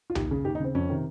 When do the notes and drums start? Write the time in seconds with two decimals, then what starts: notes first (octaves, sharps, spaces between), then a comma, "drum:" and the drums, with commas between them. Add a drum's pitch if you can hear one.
0.10 F4
0.15 D#2 G4, drum: tom B1
0.31 C#3 G#4
0.45 D#2 G4
0.55 D#4
0.60 C#3 C4
0.75 F2 C#4
0.89 C3 D#3